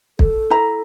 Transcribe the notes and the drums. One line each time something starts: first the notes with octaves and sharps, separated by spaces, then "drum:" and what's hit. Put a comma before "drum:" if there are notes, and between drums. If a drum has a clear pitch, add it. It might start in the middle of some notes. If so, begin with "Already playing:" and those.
A4, drum: kick
E4 A#5